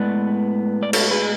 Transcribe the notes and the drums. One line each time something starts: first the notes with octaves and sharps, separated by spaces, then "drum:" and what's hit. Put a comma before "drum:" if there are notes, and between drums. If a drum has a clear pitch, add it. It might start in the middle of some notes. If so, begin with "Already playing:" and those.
Already playing: A2 G#3 B3 B4 D5
D5
A4 C#5, drum: cymbal
G#4 B4